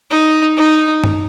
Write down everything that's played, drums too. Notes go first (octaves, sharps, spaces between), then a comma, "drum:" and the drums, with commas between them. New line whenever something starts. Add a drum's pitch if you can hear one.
D#4
D#4
drum: tom G2